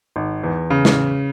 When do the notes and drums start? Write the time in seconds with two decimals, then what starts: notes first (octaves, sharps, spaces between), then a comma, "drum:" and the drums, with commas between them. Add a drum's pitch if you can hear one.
0.16 G#1
0.44 E2
0.70 C#3
0.85 drum: snare